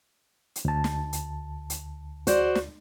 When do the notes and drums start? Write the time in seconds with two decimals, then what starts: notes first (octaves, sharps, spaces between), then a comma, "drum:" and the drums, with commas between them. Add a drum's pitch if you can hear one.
0.56 drum: hi-hat
0.65 D2 A5
0.84 drum: snare
1.13 drum: hi-hat
1.70 drum: hi-hat
2.27 F#4 C5 D5, drum: hi-hat
2.55 drum: snare